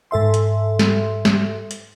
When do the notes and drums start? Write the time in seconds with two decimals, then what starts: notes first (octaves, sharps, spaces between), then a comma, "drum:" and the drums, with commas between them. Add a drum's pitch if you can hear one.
0.11 G#2 A4 E5 C6
0.34 drum: hi-hat
0.79 drum: snare
1.25 drum: snare
1.71 drum: hi-hat